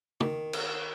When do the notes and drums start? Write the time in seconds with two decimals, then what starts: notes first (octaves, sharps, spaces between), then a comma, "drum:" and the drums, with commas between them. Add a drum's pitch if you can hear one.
0.21 D#3, drum: tom
0.53 drum: cymbal